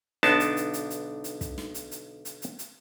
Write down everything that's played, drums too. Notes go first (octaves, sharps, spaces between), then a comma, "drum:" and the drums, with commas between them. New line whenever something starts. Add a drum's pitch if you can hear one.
B1 D3 B3 D4 D#4 A5, drum: snare
drum: hi-hat
drum: hi-hat
drum: hi-hat
drum: hi-hat
drum: hi-hat
drum: kick, hi-hat
drum: snare
drum: hi-hat
drum: hi-hat
drum: hi-hat
drum: hi-hat
drum: hi-hat